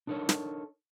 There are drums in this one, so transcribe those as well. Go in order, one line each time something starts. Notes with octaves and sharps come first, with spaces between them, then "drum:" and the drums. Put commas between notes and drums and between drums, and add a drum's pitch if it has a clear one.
D4 D#4 A4 A#4 C#5
drum: snare